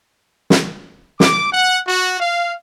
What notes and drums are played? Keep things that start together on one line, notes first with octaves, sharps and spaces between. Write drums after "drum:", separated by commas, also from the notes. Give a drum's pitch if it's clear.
drum: snare
D6, drum: snare
F#5
F#4
F5